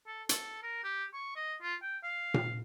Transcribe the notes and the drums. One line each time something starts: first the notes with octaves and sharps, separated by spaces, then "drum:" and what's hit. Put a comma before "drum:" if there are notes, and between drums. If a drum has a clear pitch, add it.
A4
A4, drum: hi-hat
A#4
G4
C#6
D#5
F4
G5
F5
drum: tom A#2